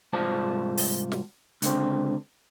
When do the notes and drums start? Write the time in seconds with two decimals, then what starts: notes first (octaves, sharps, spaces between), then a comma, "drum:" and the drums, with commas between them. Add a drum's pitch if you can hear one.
0.13 C2 G#2 F4 C5 D5 A5
0.77 drum: open hi-hat
1.12 drum: snare
1.62 C#2 D3 C4, drum: hi-hat